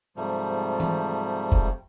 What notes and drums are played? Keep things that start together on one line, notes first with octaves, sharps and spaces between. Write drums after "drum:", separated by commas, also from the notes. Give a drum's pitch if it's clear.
G#2 C3 F3 G3 A3
drum: tom E3
drum: kick F1